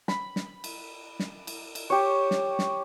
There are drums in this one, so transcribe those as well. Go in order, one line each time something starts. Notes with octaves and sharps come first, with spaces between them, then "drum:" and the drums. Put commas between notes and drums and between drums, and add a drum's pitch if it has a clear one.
B5, drum: snare
drum: snare
drum: cymbal
drum: snare
drum: cymbal
drum: cymbal
G4 C#5
drum: snare
drum: snare